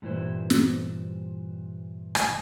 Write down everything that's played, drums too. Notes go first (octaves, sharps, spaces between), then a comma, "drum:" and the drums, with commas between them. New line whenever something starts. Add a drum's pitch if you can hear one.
G2 A#2 E3 G3 E4 C5
drum: snare
drum: rim click